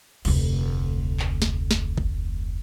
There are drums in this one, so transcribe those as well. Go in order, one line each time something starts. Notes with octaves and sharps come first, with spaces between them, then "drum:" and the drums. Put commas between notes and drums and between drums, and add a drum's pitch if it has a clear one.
F1 D2, drum: cymbal
drum: clap
drum: snare
drum: snare
drum: kick